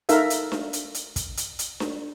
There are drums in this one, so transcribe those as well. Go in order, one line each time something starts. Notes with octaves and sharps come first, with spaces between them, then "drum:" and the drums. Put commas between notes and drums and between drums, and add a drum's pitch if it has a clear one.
D#4 A4 A#4 E5 F5, drum: hi-hat
drum: hi-hat
drum: snare D4
drum: hi-hat
drum: hi-hat
drum: kick, hi-hat
drum: hi-hat
drum: hi-hat
drum: snare D4